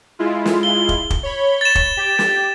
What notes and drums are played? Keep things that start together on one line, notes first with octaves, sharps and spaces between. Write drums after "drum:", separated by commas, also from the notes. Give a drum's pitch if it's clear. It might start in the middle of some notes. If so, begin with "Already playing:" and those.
G#3 E4 F4
drum: snare
G7
drum: kick
drum: kick
C#5 B5
A6 E7
drum: kick
G4
drum: snare